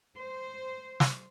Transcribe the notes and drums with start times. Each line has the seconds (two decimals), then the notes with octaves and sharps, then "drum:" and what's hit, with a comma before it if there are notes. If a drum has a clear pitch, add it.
0.17 C5
1.00 drum: snare